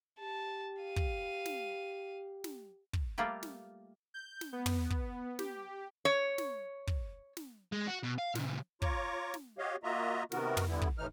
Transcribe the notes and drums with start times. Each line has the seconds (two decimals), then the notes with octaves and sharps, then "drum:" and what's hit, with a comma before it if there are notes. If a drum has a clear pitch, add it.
0.19 G4 A5
0.82 F5 D#7
0.96 drum: kick
1.46 drum: snare
2.44 drum: snare
2.93 drum: kick
3.18 G3 A3 A#3 F4 G4
3.43 drum: snare
4.14 G6
4.41 drum: snare
4.53 B3
4.66 drum: tom
4.90 drum: kick
5.39 G4, drum: snare
6.05 C#5
6.38 drum: snare
6.87 drum: kick
7.37 drum: snare
7.72 G#3
7.88 F#4
8.04 B2
8.19 F5
8.35 A#2 C#3, drum: snare
8.82 F4 C#5 A#5 C#6 D6, drum: kick
9.34 drum: snare
9.58 F#4 G4 C#5 D#5 F5
9.83 A#3 F4 F#4 D#5 E5 A#5
10.32 C3 D#3 B3 F#4 A#4, drum: snare
10.57 drum: tom
10.68 D3 E3 G3 B3 E4
10.82 drum: kick
10.98 D#2 A2 E3 D#4 F6